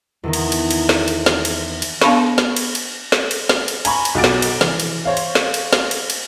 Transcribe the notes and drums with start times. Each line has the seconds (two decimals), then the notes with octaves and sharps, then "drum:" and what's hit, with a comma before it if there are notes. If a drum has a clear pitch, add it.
0.24 E2 D#3 D#4
0.33 drum: cymbal
0.52 drum: cymbal
0.71 drum: cymbal
0.89 drum: snare
1.08 drum: cymbal
1.26 drum: snare
1.45 drum: cymbal
1.82 drum: cymbal
2.01 B3 D4 F5 A5 B5 C#6, drum: snare
2.38 drum: snare
2.56 drum: cymbal
2.75 drum: cymbal
3.12 drum: snare
3.31 drum: cymbal
3.49 drum: snare
3.68 drum: cymbal
3.85 G#5 A#5 B5 C#6, drum: cymbal
4.05 drum: cymbal
4.15 B1 F#4 F#5 D6 A6 D7
4.24 drum: snare
4.42 drum: cymbal
4.61 E3, drum: snare
4.80 drum: cymbal
5.05 C5 C#5 F5
5.17 drum: cymbal
5.35 drum: snare
5.54 drum: cymbal
5.73 drum: snare
5.91 drum: cymbal
6.10 drum: cymbal